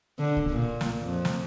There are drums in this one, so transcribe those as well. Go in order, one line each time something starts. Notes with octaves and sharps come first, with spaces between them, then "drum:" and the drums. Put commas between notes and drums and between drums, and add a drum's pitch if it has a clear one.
D3
drum: kick C2
A#2
drum: snare
F2
drum: snare